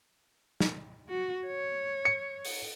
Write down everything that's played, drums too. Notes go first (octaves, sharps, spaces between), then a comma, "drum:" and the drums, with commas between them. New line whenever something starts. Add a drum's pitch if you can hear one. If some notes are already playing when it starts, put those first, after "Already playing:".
drum: snare
F#4
C#5
C#7
drum: open hi-hat